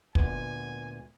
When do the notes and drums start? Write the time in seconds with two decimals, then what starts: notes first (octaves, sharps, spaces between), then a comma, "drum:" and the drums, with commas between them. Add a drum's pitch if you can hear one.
0.15 D2 A#2 B3 G#5, drum: kick